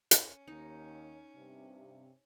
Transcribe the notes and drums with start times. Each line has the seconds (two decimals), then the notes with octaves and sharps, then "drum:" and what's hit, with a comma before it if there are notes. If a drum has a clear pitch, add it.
0.11 C#4, drum: hi-hat
0.48 D#2 D#4
1.35 G2 C3